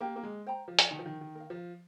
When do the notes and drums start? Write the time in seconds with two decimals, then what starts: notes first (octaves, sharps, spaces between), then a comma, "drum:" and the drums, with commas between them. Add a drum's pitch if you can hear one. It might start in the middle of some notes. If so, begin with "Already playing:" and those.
0.01 A#3 G4
0.16 A#3
0.23 G#3
0.46 C5 G5 A#5
0.68 F3
0.79 drum: hi-hat
0.91 D#3 D#4
0.99 F3
1.06 D#3
1.21 D#3
1.35 A#4
1.40 F5
1.50 F3